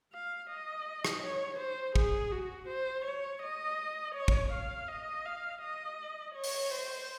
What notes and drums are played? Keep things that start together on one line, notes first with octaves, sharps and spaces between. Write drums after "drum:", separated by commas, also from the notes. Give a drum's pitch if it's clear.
F5
D#5
drum: rim click
C#5
C5
G#4, drum: kick
F#4
C5
C#5
D#5
C#5
drum: kick
F5
D#5
F5
D#5
C#5
drum: open hi-hat
C5